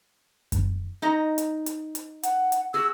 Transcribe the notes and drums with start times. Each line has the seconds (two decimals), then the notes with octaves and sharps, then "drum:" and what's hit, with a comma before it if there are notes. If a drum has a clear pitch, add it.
0.52 drum: kick F#2, hi-hat
1.02 D#4 D#5 A#5
1.38 drum: hi-hat
1.66 drum: hi-hat
1.95 drum: hi-hat
2.23 F#5, drum: hi-hat
2.52 drum: hi-hat
2.74 F#4 G#4 E6